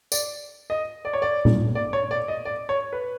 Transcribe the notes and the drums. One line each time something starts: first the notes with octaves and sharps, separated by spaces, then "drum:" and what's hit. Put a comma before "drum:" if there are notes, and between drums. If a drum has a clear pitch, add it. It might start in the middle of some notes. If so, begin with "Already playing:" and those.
D5, drum: tambourine
D#5
D5
C#5
D5
drum: tom
D5
C#5
D5
D#5
D5
C#5
B4